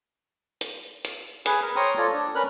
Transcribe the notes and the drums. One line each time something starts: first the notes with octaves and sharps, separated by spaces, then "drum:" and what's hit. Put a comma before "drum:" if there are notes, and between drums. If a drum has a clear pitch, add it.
drum: hi-hat
drum: hi-hat
G#4 B4, drum: hi-hat
A#4
C5 C#5 G5 A#5 C#6 D#6
F4 A4 C#5 D5
D4
C#4 A#4 B4 F6 F#6